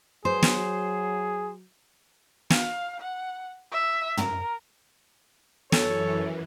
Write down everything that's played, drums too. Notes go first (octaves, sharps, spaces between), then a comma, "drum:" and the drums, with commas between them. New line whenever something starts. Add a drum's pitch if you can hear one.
F#3 G#4 C5
drum: snare
F5, drum: snare
F#5
E5
A#4, drum: tom
F#2 E3 A4 C#5, drum: snare